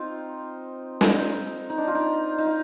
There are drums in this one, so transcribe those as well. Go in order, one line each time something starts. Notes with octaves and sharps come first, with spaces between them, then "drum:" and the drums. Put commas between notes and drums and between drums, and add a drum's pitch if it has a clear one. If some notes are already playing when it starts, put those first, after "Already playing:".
Already playing: C4 D#4 F4
D#4, drum: snare
D#4
D4
F4
D#4
D#4
F4